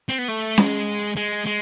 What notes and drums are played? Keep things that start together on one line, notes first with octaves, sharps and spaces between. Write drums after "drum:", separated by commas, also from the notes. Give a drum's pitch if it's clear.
C4
B3
A3
G#3, drum: snare C#4
G#3
G#3